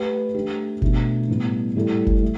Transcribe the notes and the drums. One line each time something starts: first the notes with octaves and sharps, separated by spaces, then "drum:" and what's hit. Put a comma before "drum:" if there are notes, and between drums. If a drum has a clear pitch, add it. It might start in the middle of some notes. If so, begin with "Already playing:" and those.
Already playing: A3 G4 B4
A3 D4 G4
B2 A3 D4, drum: kick F#1
A2 G3 B3
A2 G3 E4 A4
drum: kick F#1
A3